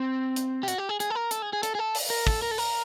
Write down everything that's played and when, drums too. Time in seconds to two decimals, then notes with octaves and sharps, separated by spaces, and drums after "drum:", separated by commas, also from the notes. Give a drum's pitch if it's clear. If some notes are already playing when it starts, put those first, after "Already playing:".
Already playing: C4
0.36 drum: hi-hat
0.63 G4
0.68 F#4, drum: hi-hat
0.78 G4
0.89 G#4
1.00 G#4, drum: hi-hat
1.10 A4
1.15 A#4
1.31 A4, drum: hi-hat
1.42 G#4
1.53 G#4
1.63 A4, drum: hi-hat
1.75 G#4
1.79 A4
1.95 drum: open hi-hat
2.10 A#4
2.27 A4, drum: kick
2.42 A#4
2.51 A4
2.58 A#4, drum: open hi-hat